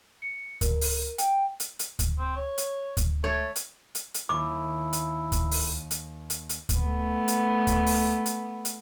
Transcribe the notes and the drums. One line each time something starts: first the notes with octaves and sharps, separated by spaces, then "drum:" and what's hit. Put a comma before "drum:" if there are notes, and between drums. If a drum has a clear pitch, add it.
C#7
A#4, drum: kick D2, hi-hat
drum: open hi-hat
G5, drum: hi-hat
drum: hi-hat
drum: hi-hat
drum: kick D2, hi-hat
C4
C#5
drum: hi-hat
drum: kick D2, hi-hat
A3 C#5
drum: hi-hat
drum: hi-hat
drum: hi-hat
D#2 E4 D6
drum: hi-hat
drum: kick D2, hi-hat
drum: open hi-hat
drum: hi-hat
drum: hi-hat
drum: hi-hat
drum: kick D2, hi-hat
A3 B3
drum: hi-hat
drum: kick D2, hi-hat
drum: open hi-hat
drum: hi-hat
drum: hi-hat